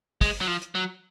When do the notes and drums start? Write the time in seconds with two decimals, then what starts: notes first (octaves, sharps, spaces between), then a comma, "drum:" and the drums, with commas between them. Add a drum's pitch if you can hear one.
0.21 G#3, drum: kick, open hi-hat
0.41 F#3
0.47 F3
0.62 drum: hi-hat
0.75 F#3